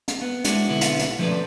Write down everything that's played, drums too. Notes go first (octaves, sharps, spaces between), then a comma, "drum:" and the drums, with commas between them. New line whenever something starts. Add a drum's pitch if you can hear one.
drum: hi-hat
B3
G#3 D4 E4 F#4, drum: hi-hat
B1 D3 B3 E4
drum: hi-hat
drum: hi-hat
F3 A3 C#4 A4 B4 D5